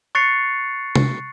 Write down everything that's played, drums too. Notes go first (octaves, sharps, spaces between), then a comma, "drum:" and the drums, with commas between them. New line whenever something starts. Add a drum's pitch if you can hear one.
C#6 F#6 A6 C7 C#7 F7
drum: tom C3